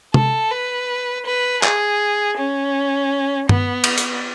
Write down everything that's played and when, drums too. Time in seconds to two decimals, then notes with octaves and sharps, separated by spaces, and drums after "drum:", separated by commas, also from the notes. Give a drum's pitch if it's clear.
0.14 A4, drum: tom
0.51 B4
1.26 B4
1.63 G#4, drum: clap
2.38 C#4
3.49 B3, drum: tom
3.84 drum: cymbal
3.98 drum: hi-hat